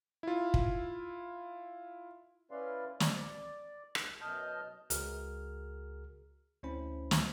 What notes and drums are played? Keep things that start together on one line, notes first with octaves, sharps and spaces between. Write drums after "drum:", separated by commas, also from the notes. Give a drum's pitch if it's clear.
E4 F4
drum: kick
C#4 E4 B4 D5 F5 C6
D5, drum: snare
drum: rim click
F#2 B2 D#5 A5 F6 G6
C#2 F#4 G#4 A#4 F6, drum: hi-hat
D2 C4 C#4 E4 C5 B5
drum: snare